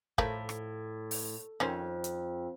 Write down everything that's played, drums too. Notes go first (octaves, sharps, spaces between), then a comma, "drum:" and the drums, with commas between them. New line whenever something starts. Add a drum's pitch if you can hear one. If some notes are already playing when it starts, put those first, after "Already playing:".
A2 F3 A3 A#4, drum: kick
drum: rim click
drum: open hi-hat
F2 D#3 C#4 C5
drum: hi-hat